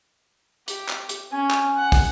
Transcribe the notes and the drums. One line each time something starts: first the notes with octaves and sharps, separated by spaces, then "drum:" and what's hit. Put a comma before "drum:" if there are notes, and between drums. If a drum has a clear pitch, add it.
G4, drum: hi-hat
drum: clap
drum: hi-hat
C#4 G#5
drum: clap
F#5
drum: kick, open hi-hat